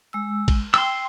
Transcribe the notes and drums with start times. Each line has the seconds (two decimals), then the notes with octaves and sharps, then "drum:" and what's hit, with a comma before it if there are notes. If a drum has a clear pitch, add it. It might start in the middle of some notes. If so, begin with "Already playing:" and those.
0.13 G#3 E6
0.48 drum: kick, cymbal
0.74 G5 C6 E6, drum: cymbal